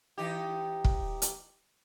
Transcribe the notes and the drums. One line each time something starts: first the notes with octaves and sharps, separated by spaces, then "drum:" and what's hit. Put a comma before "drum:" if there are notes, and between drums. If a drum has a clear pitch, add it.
E3 D#4 G4
drum: kick
drum: hi-hat